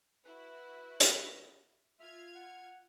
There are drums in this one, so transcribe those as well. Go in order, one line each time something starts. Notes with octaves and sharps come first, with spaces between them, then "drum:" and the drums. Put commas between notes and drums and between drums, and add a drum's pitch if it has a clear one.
E4 F#4 B4
drum: hi-hat
F4 E5 F6 G#6
F#5